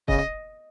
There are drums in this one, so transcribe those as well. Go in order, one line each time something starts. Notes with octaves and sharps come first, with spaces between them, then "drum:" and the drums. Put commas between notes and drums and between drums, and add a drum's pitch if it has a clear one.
C#3 D#5, drum: kick